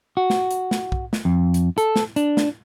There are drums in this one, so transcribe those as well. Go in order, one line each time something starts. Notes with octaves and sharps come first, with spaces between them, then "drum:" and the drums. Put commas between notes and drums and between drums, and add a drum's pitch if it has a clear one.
F#4
drum: snare
drum: hi-hat
drum: snare
drum: kick
drum: snare
F2
drum: hi-hat
A4, drum: hi-hat
drum: snare
D4, drum: hi-hat
drum: snare